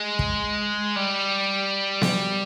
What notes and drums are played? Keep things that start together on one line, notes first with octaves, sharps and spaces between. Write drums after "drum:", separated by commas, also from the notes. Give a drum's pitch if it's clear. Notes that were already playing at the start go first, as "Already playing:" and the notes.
Already playing: G#3
drum: kick
G3
drum: snare B3